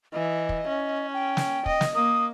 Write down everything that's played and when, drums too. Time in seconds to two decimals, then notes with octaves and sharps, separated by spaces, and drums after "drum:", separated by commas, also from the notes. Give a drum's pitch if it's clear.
0.13 E3 D#5
0.49 drum: kick
0.68 C#4
1.14 G5
1.37 drum: snare
1.66 D#5, drum: kick
1.81 drum: snare
1.95 A#3 D#6